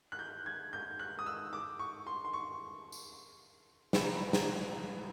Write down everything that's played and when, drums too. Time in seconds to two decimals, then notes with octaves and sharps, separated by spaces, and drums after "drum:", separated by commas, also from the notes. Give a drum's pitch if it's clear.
0.12 F#6
0.19 G6
0.46 G#6
0.73 G6
0.99 F#6
1.19 D#6
1.26 E6
1.53 D6
1.79 C#6
2.07 C6
2.25 C6
2.33 C#6
2.92 drum: tambourine
3.93 B5, drum: snare
4.04 A#5
4.15 B5
4.33 A#5, drum: snare